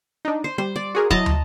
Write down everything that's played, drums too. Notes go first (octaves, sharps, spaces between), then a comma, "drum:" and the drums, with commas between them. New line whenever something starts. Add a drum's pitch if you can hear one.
D4 D#4
C5
G3 C5
D5
F#4 G#4 A#4
F#3 E4 D#5 A5 A#5, drum: kick
drum: tom